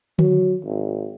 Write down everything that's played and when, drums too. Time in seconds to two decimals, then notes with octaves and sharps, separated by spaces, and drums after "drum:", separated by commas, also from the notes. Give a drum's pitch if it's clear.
0.19 F#3, drum: tom D3
0.65 G#1